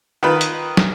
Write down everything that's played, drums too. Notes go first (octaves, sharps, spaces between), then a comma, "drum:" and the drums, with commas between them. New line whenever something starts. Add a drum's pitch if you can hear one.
D#3 F4 B4
drum: hi-hat
drum: snare